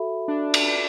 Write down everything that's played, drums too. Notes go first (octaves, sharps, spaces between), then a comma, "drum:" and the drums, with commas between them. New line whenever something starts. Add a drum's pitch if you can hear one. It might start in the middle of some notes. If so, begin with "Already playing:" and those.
Already playing: F#4 A4 E5 B5
D4
drum: cymbal